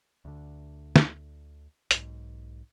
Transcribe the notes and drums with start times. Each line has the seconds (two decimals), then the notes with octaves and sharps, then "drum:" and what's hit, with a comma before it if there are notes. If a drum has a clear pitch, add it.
0.25 D2 D3
0.96 drum: snare
1.91 B1 G#2, drum: hi-hat